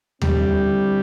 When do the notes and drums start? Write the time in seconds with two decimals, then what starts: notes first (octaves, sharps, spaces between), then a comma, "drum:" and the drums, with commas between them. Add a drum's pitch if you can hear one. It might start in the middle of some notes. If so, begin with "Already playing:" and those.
0.21 D3 G3 C4 E4 G4, drum: tom D#2